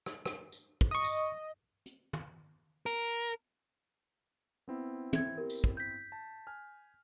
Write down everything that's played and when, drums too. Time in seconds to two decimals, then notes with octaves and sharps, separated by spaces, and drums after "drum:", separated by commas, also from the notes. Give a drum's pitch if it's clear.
0.06 drum: rim click
0.26 drum: rim click
0.52 drum: tambourine
0.81 drum: kick
0.91 D#5 C#6 D#6
1.04 drum: tambourine
1.86 drum: hi-hat
2.13 drum: tom
2.86 A#4, drum: hi-hat
4.68 B3 C4 E4
5.13 E5 G#6, drum: tom
5.38 G4 A#4
5.50 drum: tambourine
5.64 drum: kick
5.77 G6 B6
6.12 A5
6.47 G#5 F6